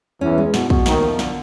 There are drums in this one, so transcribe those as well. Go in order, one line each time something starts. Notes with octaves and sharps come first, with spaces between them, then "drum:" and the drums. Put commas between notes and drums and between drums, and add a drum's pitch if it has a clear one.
E2 E3 C#4
G#3
B2, drum: snare
B2, drum: kick
D#2 D#3 A3, drum: snare
F3
D3, drum: snare